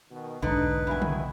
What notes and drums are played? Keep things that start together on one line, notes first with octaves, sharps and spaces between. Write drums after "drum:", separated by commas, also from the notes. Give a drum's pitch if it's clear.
B2 D#3
B1 E2 G#2 D3 D#4 B4
G2 B2 D#3 E4 G#5
drum: tom